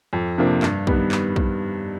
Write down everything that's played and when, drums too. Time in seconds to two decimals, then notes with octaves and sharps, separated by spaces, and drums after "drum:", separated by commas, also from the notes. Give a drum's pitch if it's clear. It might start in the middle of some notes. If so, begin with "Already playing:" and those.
0.13 F2
0.38 C3 F3 A#3 D4
0.63 G2, drum: clap
0.87 D#3 G3 B3, drum: kick
1.12 drum: clap
1.36 drum: kick